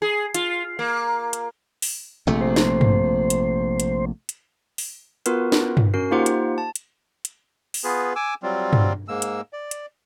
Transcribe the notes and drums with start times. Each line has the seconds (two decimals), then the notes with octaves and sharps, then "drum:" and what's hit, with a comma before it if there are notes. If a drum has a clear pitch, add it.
0.02 G#4
0.34 F4, drum: hi-hat
0.79 A#3
1.33 drum: hi-hat
1.82 drum: open hi-hat
2.27 A#1 C3 A3
2.41 C5
2.56 drum: snare
2.81 drum: tom G2
3.30 drum: hi-hat
3.80 drum: hi-hat
4.29 drum: hi-hat
4.78 drum: open hi-hat
5.26 B3 F4 F#4 A#4 B4, drum: hi-hat
5.52 drum: snare
5.77 drum: tom G2
5.94 C#4 F#4 A#4 C7
6.11 A#3 D#4 F4 G4 C5 F#5
6.26 drum: hi-hat
6.58 A5
6.75 drum: hi-hat
7.25 drum: hi-hat
7.74 drum: open hi-hat
7.84 B3 F4 G#4 B4
8.16 G#5 D6 E6
8.43 F#3 G3 C4 F4
8.73 drum: tom G2
9.08 G#2 G#3 A#3 E6
9.22 drum: hi-hat
9.53 D5
9.71 drum: hi-hat